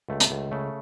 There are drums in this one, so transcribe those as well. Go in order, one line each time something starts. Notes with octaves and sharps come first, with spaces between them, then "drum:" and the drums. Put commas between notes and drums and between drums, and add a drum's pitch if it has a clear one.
C#2 A3
drum: hi-hat
C#2
C#3 A3